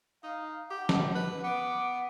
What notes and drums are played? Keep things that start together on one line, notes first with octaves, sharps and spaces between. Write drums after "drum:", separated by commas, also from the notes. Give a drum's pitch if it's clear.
D#4 F5
G4 F#5
drum: snare
B4
B3 D6